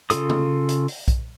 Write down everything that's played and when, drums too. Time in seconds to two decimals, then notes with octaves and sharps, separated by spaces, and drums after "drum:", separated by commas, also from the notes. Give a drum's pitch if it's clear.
0.10 C#3 C#4 F4 A4 D#6, drum: hi-hat
0.29 drum: tom
0.69 drum: hi-hat
0.88 drum: open hi-hat
1.08 drum: kick B1, hi-hat